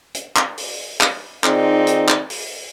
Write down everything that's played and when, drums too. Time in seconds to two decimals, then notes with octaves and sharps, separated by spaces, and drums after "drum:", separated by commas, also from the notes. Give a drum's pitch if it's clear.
0.15 drum: hi-hat
0.36 drum: clap
0.58 drum: open hi-hat
1.01 drum: clap
1.44 D#3 C4 D#4 F4 G#4 D5, drum: clap
1.87 drum: hi-hat
2.08 drum: clap
2.30 drum: open hi-hat